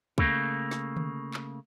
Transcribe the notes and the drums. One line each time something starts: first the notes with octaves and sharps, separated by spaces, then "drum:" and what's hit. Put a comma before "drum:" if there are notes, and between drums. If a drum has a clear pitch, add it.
C#3 A3 A#3, drum: kick
drum: snare
drum: tom D3
drum: clap